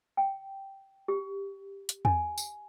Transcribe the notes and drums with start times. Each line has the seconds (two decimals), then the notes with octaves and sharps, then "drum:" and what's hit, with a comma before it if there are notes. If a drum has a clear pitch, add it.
0.17 G5
1.08 G4
1.89 drum: hi-hat
2.05 G#5, drum: tom E2
2.38 drum: tambourine